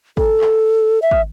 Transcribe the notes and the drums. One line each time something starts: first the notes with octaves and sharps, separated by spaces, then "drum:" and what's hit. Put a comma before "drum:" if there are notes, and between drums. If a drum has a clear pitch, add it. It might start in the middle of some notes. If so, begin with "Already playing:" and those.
A4, drum: kick
drum: clap
E5
drum: kick